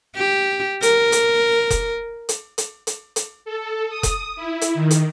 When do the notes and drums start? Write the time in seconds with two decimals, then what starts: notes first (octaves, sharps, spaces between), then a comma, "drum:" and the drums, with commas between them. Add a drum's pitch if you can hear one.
0.16 G4
0.82 A#4, drum: hi-hat
1.12 drum: hi-hat
1.70 drum: kick F1, hi-hat
2.29 drum: hi-hat
2.58 drum: hi-hat
2.87 drum: hi-hat
3.16 drum: hi-hat
3.45 A4
3.89 D#6
4.03 drum: kick F1, hi-hat
4.36 E4
4.61 drum: hi-hat
4.74 D#3
4.91 drum: hi-hat